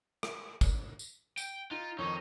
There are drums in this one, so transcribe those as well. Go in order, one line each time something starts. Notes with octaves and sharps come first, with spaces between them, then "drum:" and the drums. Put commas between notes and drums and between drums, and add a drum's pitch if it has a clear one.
drum: rim click
drum: kick, tambourine
drum: tambourine
G5, drum: tambourine
D#4 F4
F2 D#3 D#4 C#5